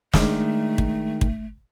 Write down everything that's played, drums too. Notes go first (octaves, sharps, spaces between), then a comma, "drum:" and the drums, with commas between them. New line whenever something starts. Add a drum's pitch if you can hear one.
D#3 G#3 A3 D4, drum: snare
drum: kick
drum: kick